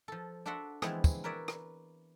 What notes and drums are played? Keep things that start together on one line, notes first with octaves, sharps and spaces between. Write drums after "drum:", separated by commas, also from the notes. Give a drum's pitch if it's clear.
F3 A4
D4 F#4 A4 E5 F#5 C6
E3 F3 G#3 B3 C4 E4, drum: rim click
drum: kick, tambourine
A#4 B4 C#5 D5 E5
drum: rim click